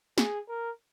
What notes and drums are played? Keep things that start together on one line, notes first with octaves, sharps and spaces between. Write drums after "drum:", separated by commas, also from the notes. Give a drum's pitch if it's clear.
G#4, drum: snare
A#4